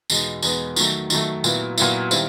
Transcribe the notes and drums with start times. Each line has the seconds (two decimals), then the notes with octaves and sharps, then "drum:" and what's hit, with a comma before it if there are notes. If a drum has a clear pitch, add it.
0.10 E2 B2 G#3 B3 D#4, drum: tambourine
0.42 E2 B2 G#3 B3 D#4, drum: tambourine
0.76 D#3 F#3 A3, drum: tambourine
1.10 D#3 F#3 A3, drum: tambourine
1.44 A#2 F#3 B3 E4, drum: tambourine
1.78 A#2 F#3 B3 E4, drum: tambourine
2.11 D#3 G3 C4 E4, drum: tambourine